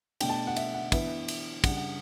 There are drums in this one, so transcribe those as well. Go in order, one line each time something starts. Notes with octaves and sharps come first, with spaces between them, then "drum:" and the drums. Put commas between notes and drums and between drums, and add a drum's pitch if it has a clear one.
B2 A3 D4 G5, drum: cymbal
A5
F#5
E5, drum: cymbal
F#5
E3 B3 D4 E5, drum: kick, cymbal
drum: cymbal
C#3 G3 D4 F#5, drum: kick, cymbal
F#5